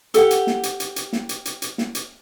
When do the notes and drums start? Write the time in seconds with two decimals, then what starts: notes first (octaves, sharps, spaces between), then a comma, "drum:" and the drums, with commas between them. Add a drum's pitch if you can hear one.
0.14 G4 A4 F#5, drum: hi-hat
0.31 drum: hi-hat
0.47 drum: snare
0.63 drum: hi-hat
0.80 drum: hi-hat
0.96 drum: hi-hat
1.13 drum: snare
1.29 drum: hi-hat
1.45 drum: hi-hat
1.62 drum: hi-hat
1.78 drum: snare
1.95 drum: hi-hat